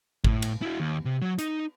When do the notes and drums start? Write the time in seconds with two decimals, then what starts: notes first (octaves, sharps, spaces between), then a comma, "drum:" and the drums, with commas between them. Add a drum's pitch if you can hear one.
0.24 A2, drum: kick G#1
0.42 drum: cymbal
0.62 E4 F#4
0.80 D#2
1.05 C3
1.22 F#3
1.39 D#4, drum: hi-hat